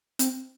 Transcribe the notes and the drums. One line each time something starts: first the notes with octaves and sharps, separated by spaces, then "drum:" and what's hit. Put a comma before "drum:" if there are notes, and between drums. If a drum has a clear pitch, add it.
C4, drum: hi-hat